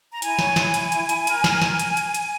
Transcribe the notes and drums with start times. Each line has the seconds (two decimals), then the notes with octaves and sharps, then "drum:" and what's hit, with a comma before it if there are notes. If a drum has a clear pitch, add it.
0.10 A#5
0.22 E4 G#5, drum: hi-hat
0.39 C#5, drum: snare
0.56 E4, drum: snare
0.74 E4, drum: hi-hat
0.92 E4, drum: hi-hat
1.09 E4, drum: hi-hat
1.27 A#4, drum: hi-hat
1.44 A#4, drum: snare
1.62 A#4, drum: snare
1.79 drum: hi-hat
1.97 drum: hi-hat
2.14 drum: hi-hat